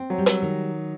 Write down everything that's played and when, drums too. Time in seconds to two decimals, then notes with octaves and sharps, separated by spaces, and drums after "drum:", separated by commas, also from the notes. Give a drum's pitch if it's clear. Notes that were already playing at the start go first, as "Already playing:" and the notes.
Already playing: C4
0.10 F#3
0.18 G3
0.26 F#3, drum: hi-hat
0.42 D#3